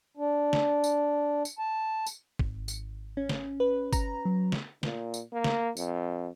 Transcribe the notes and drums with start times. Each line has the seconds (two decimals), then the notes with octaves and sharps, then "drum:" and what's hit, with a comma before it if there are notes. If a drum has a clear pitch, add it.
0.17 D4
0.53 drum: snare
0.84 drum: tambourine
1.45 drum: tambourine
1.59 A5
2.07 drum: tambourine
2.39 G#1, drum: kick
2.68 drum: tambourine
3.17 C#4
3.29 drum: snare
3.60 B4
3.93 A#5, drum: kick, tambourine
4.25 F#3
4.52 drum: snare
4.83 A#2, drum: snare
5.14 drum: tambourine
5.33 A#3
5.44 drum: snare
5.77 F2, drum: tambourine